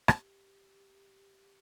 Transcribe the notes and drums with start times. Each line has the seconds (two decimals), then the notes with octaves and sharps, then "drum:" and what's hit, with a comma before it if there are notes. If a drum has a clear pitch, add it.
0.08 G4, drum: rim click